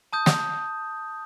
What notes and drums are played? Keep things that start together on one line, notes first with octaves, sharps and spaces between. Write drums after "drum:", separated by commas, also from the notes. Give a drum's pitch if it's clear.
A5 D#6 G6
drum: snare